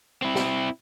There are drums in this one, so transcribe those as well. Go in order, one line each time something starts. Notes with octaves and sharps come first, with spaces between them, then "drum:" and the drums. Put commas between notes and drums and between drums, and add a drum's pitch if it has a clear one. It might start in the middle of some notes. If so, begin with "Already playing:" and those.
C4 E4
drum: snare